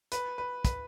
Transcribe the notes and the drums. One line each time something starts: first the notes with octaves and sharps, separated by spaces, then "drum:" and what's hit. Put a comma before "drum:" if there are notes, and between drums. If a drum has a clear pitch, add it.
B4, drum: hi-hat
B4
B4, drum: kick, hi-hat